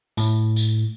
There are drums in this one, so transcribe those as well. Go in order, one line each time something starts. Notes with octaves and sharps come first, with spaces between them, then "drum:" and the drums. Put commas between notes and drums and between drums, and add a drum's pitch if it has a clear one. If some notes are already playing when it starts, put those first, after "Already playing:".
A2, drum: tambourine
drum: tambourine